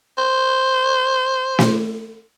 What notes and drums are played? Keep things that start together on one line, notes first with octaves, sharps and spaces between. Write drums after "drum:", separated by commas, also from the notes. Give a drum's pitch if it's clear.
C5
drum: snare